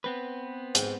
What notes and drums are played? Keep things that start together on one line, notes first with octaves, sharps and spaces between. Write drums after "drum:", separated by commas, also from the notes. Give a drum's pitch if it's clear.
B3 C4 B4
G#2 G5, drum: hi-hat